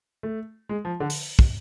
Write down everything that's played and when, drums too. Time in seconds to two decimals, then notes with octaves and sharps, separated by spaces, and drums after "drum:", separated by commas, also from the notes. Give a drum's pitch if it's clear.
0.23 A3
0.69 G#3
0.85 F3
1.00 D3
1.10 drum: open hi-hat
1.39 drum: kick